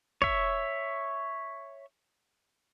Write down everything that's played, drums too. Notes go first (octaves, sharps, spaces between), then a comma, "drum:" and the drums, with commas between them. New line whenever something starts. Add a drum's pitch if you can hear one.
C#5 E5, drum: kick